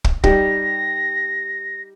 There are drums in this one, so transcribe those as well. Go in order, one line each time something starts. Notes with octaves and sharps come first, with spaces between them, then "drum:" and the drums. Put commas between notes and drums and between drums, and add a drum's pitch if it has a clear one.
drum: kick
G3 D#4 G4 A#6, drum: kick